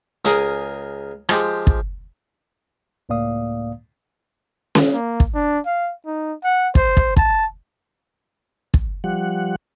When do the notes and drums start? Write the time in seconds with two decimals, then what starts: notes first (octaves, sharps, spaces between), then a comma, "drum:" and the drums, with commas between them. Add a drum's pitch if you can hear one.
0.25 C#2 G#4 A#4 D#6, drum: hi-hat
1.29 F3 G#3 G4, drum: rim click
1.67 drum: kick
3.09 C#2 A2 A#3 D5 F5 D#6
4.75 drum: snare C#4
4.93 A#3
5.20 drum: kick
5.35 D4
5.66 F5
6.06 D#4
6.44 F#5
6.75 C5, drum: kick
6.97 drum: kick
7.17 A5, drum: kick
8.74 drum: kick
9.04 F3 G3 F#5